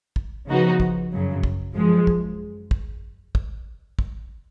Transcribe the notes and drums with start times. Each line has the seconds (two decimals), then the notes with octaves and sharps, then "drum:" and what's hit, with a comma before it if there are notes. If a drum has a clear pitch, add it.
0.16 drum: kick
0.47 C#3 F3 B3 D#4 F#4
0.80 drum: kick
1.12 F#2 C#3 F#3
1.44 drum: kick
1.75 F#2 F3 G#3
2.07 drum: kick
2.71 drum: kick
3.35 drum: kick
3.99 drum: kick